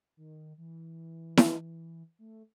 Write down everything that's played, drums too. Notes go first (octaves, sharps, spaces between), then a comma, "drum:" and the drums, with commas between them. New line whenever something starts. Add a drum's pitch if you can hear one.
D#3
E3
drum: snare E4
A3